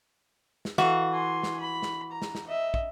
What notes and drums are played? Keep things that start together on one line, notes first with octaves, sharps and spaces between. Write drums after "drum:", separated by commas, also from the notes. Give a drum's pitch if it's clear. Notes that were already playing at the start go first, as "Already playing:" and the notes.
drum: snare
E3 F#4 A4 F5, drum: snare
G#5 C6
drum: snare
B5
drum: snare
A#5
drum: snare
drum: snare
D#5 E5
drum: kick